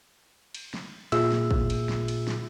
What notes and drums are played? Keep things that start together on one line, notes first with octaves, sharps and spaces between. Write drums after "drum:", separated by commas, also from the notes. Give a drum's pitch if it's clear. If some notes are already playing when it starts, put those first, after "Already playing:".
drum: cymbal
drum: snare
A#2 F4 G#4 E5 E6, drum: cymbal
drum: snare
drum: kick
drum: cymbal
drum: snare
drum: cymbal
drum: snare